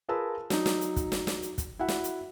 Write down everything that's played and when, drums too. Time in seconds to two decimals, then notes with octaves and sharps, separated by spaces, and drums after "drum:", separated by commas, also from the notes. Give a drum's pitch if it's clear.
0.08 F4 G#4 A#4 B4 A5 E6
0.50 F#3 D#4, drum: snare
0.66 drum: snare
0.81 drum: hi-hat
0.96 drum: kick, hi-hat
1.12 drum: snare
1.27 drum: snare
1.42 drum: hi-hat
1.58 drum: kick, hi-hat
1.79 E4 F#4 E5 F#5
1.88 drum: snare
2.04 drum: hi-hat